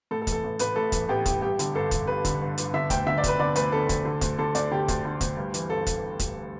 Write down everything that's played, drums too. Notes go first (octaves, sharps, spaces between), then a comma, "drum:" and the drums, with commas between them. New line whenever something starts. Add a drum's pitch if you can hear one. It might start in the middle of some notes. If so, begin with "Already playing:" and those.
A2 A4
A4
E3, drum: kick, hi-hat
A4
A1
A1 B4, drum: hi-hat
A2 A4
E3, drum: kick, hi-hat
A1 G4
A1 G4, drum: kick, hi-hat
G2 G4
D3, drum: hi-hat
G1 A4
G1, drum: kick, hi-hat
G2 B4
D3, drum: kick, hi-hat
G1
G1, drum: hi-hat
D3 E5
D2 G5, drum: kick, hi-hat
D3 E5
D5
D2 B4, drum: kick, hi-hat
D3 D5
D2 B4, drum: hi-hat
D3 A4
D2, drum: kick, hi-hat
D3
D2, drum: kick, hi-hat
D3 A4
D2 D5, drum: hi-hat
D3 G4
D2, drum: kick, hi-hat
D3
D2, drum: kick, hi-hat
G2
E3, drum: hi-hat
G1 A4
drum: kick, hi-hat
drum: kick, hi-hat